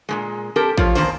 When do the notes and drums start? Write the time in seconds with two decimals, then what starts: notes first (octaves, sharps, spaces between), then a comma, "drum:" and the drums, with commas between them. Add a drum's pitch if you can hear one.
0.09 A#2 C#3 G#3
0.56 C4 G4 A4 A#4
0.78 F3 F4 C#5, drum: kick A1
0.95 E2 C3 D#3 A#3 D4 C5, drum: open hi-hat